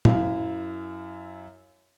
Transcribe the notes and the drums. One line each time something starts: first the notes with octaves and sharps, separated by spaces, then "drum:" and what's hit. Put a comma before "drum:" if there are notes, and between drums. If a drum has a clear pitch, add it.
F#2 E4 F5, drum: tom A#2